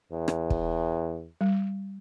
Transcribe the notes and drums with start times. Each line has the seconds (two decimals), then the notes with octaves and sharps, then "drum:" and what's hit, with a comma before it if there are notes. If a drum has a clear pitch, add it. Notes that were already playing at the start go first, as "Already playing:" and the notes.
0.12 E2
0.28 drum: rim click
0.50 drum: kick
1.41 G3